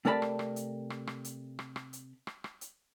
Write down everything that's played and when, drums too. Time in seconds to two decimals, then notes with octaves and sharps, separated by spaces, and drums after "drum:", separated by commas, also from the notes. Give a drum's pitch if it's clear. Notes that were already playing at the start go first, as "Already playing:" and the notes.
0.05 C3 A3 A#4 D5 A5 B5
0.22 drum: rim click
0.39 drum: rim click
0.56 drum: hi-hat
0.90 drum: rim click
1.07 drum: rim click
1.24 drum: hi-hat
1.59 drum: rim click
1.76 drum: rim click
1.93 drum: hi-hat
2.27 drum: rim click
2.44 drum: rim click
2.61 drum: hi-hat